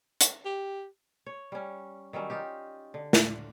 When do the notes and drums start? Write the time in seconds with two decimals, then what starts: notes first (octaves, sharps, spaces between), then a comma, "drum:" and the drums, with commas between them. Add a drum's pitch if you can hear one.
0.21 drum: hi-hat
0.45 G4
1.26 C#5
1.52 G3 C#4
2.13 D#3 F#3 G3 C#4
2.30 D#4 F4 G4
2.94 D3
3.13 F4, drum: snare